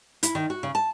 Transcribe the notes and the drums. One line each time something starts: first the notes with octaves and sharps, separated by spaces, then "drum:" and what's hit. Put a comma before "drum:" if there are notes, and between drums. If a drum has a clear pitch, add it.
E4, drum: hi-hat
D#3
F#4
C#3
A5